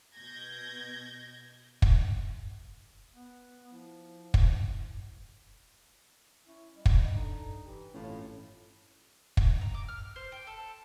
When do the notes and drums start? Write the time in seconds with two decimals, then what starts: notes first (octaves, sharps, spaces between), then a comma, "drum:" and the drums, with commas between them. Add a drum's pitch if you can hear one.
0.14 B2 G6 G#6 A#6
1.82 drum: kick
3.13 B3
3.72 F3 E4
4.34 drum: kick
6.47 C#4 E4
6.76 G3 D#5
6.86 drum: kick
7.15 D4 D#4 A4
7.65 E3 G4
7.94 G1 F2 A2 E3 C#4 F4
9.37 drum: kick
9.61 A#5
9.74 D6
9.88 F6
10.16 C5
10.32 G5
10.47 A4